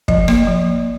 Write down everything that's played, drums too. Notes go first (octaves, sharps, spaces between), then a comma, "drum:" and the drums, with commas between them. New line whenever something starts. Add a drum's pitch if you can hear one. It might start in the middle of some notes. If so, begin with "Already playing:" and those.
F3 D#5, drum: kick
A#3, drum: rim click
F3